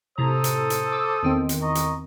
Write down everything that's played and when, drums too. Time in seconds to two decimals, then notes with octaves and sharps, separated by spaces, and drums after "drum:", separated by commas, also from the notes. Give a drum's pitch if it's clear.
0.18 A2 C3 A4 C5 A#5 D#6
0.44 drum: hi-hat
0.70 drum: hi-hat
0.92 D6 E6
1.23 E2 D#3 C4
1.49 drum: hi-hat
1.61 D#5 A#5 C#6
1.75 drum: hi-hat